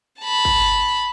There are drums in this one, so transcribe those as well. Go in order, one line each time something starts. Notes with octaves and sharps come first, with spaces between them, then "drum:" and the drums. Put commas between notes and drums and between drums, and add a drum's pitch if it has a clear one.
A5 B5
drum: kick G#1